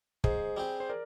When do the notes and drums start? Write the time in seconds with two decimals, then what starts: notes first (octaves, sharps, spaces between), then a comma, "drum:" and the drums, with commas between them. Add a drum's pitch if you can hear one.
0.24 G#2 G#4 C5, drum: kick
0.57 G3 C4 G4
0.80 C5
0.89 A#4 D5